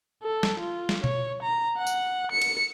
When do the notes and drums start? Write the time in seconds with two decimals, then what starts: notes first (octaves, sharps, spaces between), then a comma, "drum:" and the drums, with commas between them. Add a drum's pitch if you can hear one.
0.23 A4
0.43 drum: snare
0.60 F4
0.89 drum: snare
1.04 C#5, drum: tom B2
1.42 A#5
1.77 F#5
1.87 drum: tambourine
2.32 C#7
2.42 drum: cymbal